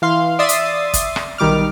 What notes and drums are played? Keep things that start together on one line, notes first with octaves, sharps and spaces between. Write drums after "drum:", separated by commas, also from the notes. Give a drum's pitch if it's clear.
E3 F5 C6
D5 E5 C6 D#6 A6 C7
drum: hi-hat
drum: kick, hi-hat
drum: rim click
B1 D#3 G3 D6 F6